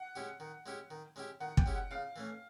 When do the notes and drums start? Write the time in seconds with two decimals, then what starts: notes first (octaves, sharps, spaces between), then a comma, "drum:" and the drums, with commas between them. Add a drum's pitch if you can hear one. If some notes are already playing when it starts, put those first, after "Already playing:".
Already playing: F#5
0.16 G#3 C#4 E4 G4
0.40 D#3
0.66 G#3 C#4 E4 G4
0.91 D#3
1.16 G#3 C#4 E4 G4
1.40 D#3 F#5
1.57 G5, drum: kick
1.66 G#3 C#4 E4 G4
1.75 F#5
1.91 C#3 F5
2.16 E3 A3 C#4